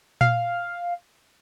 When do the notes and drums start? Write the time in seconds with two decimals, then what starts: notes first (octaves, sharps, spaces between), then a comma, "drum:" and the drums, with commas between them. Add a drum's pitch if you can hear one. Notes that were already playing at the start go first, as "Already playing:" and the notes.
0.21 F5, drum: tom A#2